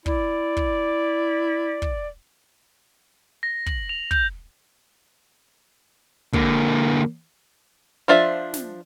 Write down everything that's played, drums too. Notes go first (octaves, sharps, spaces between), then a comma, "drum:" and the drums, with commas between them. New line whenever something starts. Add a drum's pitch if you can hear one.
E4 D5, drum: kick
drum: kick
drum: kick
A#6
F#7, drum: kick
F7
G6, drum: kick
D3 A#3, drum: kick
F3 D4 F4 C5 E5
drum: snare